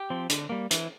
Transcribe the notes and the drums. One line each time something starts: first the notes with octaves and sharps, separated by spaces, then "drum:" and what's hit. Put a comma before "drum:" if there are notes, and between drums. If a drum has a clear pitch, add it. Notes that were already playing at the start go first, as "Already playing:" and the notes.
Already playing: G4
F3 C4
D3, drum: hi-hat
G3 A#3
E3, drum: hi-hat